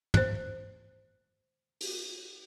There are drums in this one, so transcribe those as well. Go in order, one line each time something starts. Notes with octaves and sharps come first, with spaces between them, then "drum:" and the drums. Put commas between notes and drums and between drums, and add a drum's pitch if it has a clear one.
C5 F#6, drum: tom
drum: open hi-hat